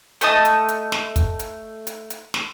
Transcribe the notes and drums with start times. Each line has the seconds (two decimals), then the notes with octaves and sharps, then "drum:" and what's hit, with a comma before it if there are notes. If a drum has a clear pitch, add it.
0.21 A3 D#5 A5 D#6, drum: hi-hat
0.45 drum: hi-hat
0.68 drum: hi-hat
0.92 drum: snare
1.16 drum: kick, hi-hat
1.39 drum: hi-hat
1.87 drum: hi-hat
2.10 drum: hi-hat
2.34 drum: snare